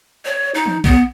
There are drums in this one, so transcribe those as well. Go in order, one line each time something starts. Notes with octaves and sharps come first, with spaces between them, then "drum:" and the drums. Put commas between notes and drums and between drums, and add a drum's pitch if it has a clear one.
C#5
D#4
drum: tom D#3
B3, drum: kick A#1